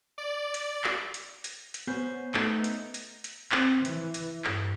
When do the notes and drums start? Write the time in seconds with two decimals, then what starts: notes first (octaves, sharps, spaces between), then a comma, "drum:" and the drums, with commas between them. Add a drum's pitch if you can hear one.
0.18 D5
0.54 drum: hi-hat
0.84 drum: clap
1.14 drum: hi-hat
1.44 drum: hi-hat
1.74 drum: hi-hat
1.87 B3 C#4 C5
2.34 A3 D#4 A4, drum: clap
2.64 drum: hi-hat
2.94 drum: hi-hat
3.24 drum: hi-hat
3.52 C4, drum: clap
3.85 E3, drum: hi-hat
4.14 drum: hi-hat
4.45 G2, drum: clap